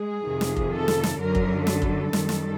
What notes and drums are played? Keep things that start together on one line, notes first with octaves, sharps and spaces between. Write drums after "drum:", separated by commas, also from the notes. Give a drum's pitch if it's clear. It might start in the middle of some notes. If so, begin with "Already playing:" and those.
Already playing: G#3 G#4
F2 C3 D#3
drum: snare
drum: kick F1
A4
drum: snare
drum: snare
F#2 D3 F#3 A#4
drum: kick F1
A4, drum: snare
drum: kick F1
F#2 D#3 G3, drum: snare
drum: snare